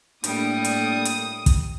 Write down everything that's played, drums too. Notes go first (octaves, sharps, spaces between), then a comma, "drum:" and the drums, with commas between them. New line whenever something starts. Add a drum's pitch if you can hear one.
A2 G3 A#3 D4 D#6, drum: hi-hat
drum: hi-hat
drum: hi-hat
drum: kick, hi-hat